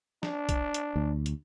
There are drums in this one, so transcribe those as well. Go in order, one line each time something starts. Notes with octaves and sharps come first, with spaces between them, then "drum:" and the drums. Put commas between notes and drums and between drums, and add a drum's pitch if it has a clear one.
D4, drum: snare
drum: kick B1, hi-hat
drum: hi-hat
D2
drum: hi-hat